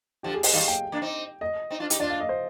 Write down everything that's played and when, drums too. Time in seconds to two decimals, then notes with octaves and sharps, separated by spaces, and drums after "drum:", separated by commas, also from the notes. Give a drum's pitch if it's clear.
0.23 D3 F3 G4
0.34 G#4
0.43 D#5, drum: open hi-hat
0.53 D#3 G3 F5
0.68 G5
0.92 A#3 D4
1.02 C4 D#4
1.41 D#5
1.70 C4 D#4
1.80 D4 F4
1.90 D#4 G4, drum: hi-hat
2.00 D4 F4 D5
2.10 F5
2.20 D#5
2.29 C5